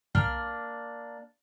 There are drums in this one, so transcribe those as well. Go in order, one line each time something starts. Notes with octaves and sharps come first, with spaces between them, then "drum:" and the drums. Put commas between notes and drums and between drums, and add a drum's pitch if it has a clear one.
A#3 D4 F6, drum: kick